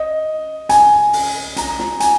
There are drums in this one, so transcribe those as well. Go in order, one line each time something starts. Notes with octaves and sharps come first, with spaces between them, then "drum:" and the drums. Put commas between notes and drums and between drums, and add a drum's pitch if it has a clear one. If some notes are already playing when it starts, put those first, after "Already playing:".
Already playing: D#5
G#5, drum: hi-hat
drum: open hi-hat
A#5, drum: hi-hat
drum: snare
G#5, drum: hi-hat